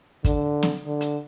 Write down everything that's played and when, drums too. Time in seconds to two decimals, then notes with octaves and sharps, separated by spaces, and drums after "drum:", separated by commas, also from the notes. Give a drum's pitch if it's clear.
0.24 D3, drum: kick, hi-hat
0.63 drum: snare
0.86 D3
1.01 drum: hi-hat